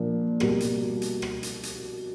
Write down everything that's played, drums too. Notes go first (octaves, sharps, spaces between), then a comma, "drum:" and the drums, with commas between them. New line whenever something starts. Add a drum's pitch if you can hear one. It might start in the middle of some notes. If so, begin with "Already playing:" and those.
Already playing: A#2 F3 A#3 D4
C2 B2 G3 A#3, drum: rim click
drum: hi-hat
drum: hi-hat
drum: rim click
drum: hi-hat
drum: hi-hat